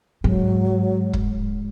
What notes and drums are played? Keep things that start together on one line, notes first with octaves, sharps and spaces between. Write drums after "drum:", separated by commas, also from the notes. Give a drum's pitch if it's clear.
G#2 F#3
drum: kick